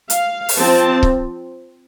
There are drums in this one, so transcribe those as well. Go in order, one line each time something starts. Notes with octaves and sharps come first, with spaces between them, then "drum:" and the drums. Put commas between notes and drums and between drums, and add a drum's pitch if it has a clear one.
F5, drum: hi-hat
drum: open hi-hat
F3 C4 A5
drum: kick C#1